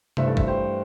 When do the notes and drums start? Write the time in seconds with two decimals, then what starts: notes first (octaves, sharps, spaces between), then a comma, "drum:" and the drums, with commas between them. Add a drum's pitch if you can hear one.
0.17 G2 E3 A3 C5 E5, drum: tom C3
0.27 A4 D5
0.37 C5 E5, drum: kick
0.48 G4 C5